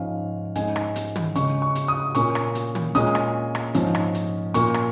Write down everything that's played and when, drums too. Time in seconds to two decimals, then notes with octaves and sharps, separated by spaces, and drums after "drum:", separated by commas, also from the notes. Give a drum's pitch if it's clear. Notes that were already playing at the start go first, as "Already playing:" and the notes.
Already playing: G#2 F3 C#4 F5
0.55 G#2 G#3 C#4 G#5, drum: hi-hat
0.76 drum: rim click
0.96 drum: hi-hat
1.16 drum: tom
1.35 C#3 G#3 C#4 C#6, drum: hi-hat
1.62 C#6
1.75 drum: hi-hat
1.88 D#6
2.15 A#2 A#3 C#4 C#6, drum: hi-hat
2.35 drum: rim click
2.55 drum: hi-hat
2.75 drum: tom
2.95 A#2 G#3 C#4 D#6, drum: hi-hat
3.15 drum: rim click
3.55 drum: rim click
3.74 G#2 F3 C#4, drum: hi-hat
3.95 drum: rim click
4.15 drum: hi-hat
4.54 A#2 A#3 C#4 C#6, drum: hi-hat
4.74 drum: rim click